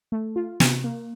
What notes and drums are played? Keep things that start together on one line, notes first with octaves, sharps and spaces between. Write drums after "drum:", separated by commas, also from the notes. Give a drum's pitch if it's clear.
A3
F4
C3, drum: snare
A#3